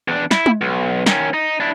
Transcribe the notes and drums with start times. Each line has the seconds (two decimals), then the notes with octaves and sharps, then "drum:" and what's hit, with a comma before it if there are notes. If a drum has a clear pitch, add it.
0.08 E2 D4
0.31 E4, drum: snare
0.46 drum: tom G#3
0.61 B1
1.06 D#3 C#4, drum: snare
1.34 D#4
1.60 D4 E4